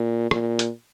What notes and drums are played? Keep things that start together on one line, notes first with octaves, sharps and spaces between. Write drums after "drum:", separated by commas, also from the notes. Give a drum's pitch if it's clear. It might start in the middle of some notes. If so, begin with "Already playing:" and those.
Already playing: A#2
A#2, drum: rim click
drum: hi-hat